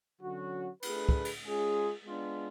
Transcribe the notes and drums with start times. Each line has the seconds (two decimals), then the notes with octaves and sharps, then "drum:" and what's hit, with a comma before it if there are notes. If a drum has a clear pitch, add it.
0.21 D3 F#3 C#4 F#4
0.82 A3 D4 G#4 B4, drum: cymbal
1.09 drum: kick
1.25 drum: cymbal
1.43 G#3 C#4 F4 G#4
2.04 G#3 B3 D4 F4